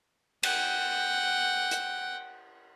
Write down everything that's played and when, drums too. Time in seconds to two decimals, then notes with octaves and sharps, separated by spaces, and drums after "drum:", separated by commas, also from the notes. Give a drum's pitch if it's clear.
0.43 F#5 G5, drum: cymbal
1.71 drum: hi-hat